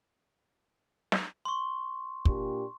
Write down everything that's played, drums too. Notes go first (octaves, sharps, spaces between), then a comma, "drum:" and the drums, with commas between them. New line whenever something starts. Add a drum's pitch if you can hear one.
drum: snare
C6 C#6
A#2 D4 G4, drum: kick